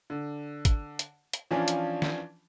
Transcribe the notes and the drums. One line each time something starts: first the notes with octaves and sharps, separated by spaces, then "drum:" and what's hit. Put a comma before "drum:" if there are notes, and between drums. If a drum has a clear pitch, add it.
D3
drum: kick, hi-hat
drum: hi-hat
drum: hi-hat
E3 F3 C#4 D4 F4
drum: hi-hat
drum: snare